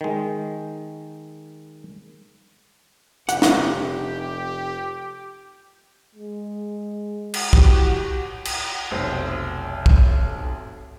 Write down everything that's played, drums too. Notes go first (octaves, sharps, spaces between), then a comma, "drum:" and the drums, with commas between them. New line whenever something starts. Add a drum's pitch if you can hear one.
D#3 G#3
F1 G4 F#5, drum: hi-hat
drum: snare
G#3
drum: cymbal
E3 F#4 G4, drum: kick
drum: cymbal
F1 B1 C5
drum: kick